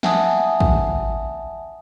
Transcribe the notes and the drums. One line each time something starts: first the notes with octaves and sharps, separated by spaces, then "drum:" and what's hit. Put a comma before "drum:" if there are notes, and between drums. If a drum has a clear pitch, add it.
E5 F#5 G#5 A5 D#6, drum: snare
drum: kick